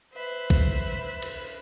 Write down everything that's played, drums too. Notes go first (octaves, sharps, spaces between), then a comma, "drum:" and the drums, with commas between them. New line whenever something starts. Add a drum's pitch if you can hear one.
B4 C5 E5
drum: kick A#1, cymbal
drum: cymbal